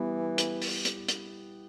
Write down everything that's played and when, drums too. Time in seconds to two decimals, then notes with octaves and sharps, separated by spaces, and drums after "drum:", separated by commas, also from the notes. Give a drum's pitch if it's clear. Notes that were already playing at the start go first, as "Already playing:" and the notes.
Already playing: E3 G3 B3 E4 G4
0.38 drum: hi-hat
0.62 drum: open hi-hat
0.85 drum: hi-hat
1.08 drum: hi-hat